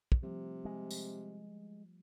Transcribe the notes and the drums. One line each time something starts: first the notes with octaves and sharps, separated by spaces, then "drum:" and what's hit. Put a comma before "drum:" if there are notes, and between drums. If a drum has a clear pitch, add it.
drum: kick
C3 F3 G3 A3
G#3
drum: tambourine